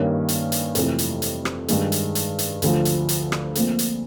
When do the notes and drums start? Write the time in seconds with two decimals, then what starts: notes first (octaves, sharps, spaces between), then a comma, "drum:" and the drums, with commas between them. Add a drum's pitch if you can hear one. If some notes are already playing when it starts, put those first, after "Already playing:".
Already playing: G2 D#3 G3 A#3 C#4
0.28 drum: hi-hat
0.52 drum: hi-hat
0.75 F2 C3 E3 A3, drum: hi-hat
0.99 drum: hi-hat
1.22 drum: hi-hat
1.45 drum: rim click
1.68 G2 D#3 G#3, drum: hi-hat
1.92 drum: hi-hat
2.15 drum: hi-hat
2.39 drum: hi-hat
2.62 D2 D3 F3, drum: hi-hat
2.85 drum: hi-hat
3.09 drum: hi-hat
3.32 drum: rim click
3.55 A#1 A#2 F3 A3 C4, drum: hi-hat
3.79 drum: hi-hat